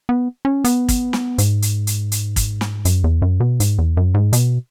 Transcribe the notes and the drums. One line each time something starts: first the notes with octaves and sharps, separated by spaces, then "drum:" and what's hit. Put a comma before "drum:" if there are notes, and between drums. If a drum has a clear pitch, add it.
B3
C#4
B3, drum: hi-hat
drum: kick, hi-hat
drum: snare
G#2, drum: hi-hat
drum: hi-hat
drum: hi-hat
drum: hi-hat
drum: kick, hi-hat
drum: snare
F#2, drum: hi-hat
E2
F#2
B2
G#2, drum: hi-hat
E2
F#2
G#2
B2, drum: hi-hat